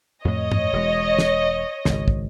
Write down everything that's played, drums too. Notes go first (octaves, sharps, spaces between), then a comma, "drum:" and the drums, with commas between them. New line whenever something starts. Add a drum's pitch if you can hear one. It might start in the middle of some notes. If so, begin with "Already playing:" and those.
F2 A2 C#5 D#5
drum: tom G2
E1 G#3
drum: snare
G#1 C#2, drum: snare
drum: kick